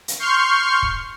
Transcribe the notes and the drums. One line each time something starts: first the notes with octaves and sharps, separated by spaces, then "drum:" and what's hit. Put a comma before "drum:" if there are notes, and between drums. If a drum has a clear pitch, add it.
drum: hi-hat
C6 C#6 F6 G6 C7
drum: kick